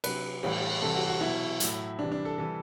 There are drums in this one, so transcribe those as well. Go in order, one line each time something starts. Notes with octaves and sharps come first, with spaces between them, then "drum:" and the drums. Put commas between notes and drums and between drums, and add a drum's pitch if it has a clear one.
C3 F#3 B4, drum: cymbal
A2 E3 G3, drum: cymbal
C3 E3 G3 A4
F#4
F#4
B2 F#3 E4
A2 F#3, drum: hi-hat
C3 E3 G3 D4
D4
A4
C3 E3 G3 A4